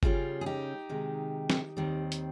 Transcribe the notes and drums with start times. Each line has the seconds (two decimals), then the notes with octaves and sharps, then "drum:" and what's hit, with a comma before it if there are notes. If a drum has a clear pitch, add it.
0.03 C#3 G3 C#4 F4, drum: kick G1
0.41 G#4
0.46 D#4 G4
0.89 C3 D#3 G#3
1.50 drum: snare
1.77 D#2 D#3 G3 C4
2.12 drum: hi-hat